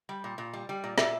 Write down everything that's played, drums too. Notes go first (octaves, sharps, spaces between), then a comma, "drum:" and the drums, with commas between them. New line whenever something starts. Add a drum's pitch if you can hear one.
G3
A#2
A#2
G3
G3
A#2
A#2 D5 E5, drum: snare